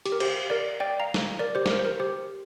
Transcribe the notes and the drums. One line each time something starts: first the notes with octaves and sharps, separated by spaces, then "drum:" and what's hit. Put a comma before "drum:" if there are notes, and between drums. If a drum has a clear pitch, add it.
G4, drum: hi-hat
A#4
G4 C5, drum: cymbal
A#4 D5
D5 G5
F5 A#5
drum: snare
A#4 D5
G4 C5
C5, drum: snare
A#4
C5
A#4
G4 C5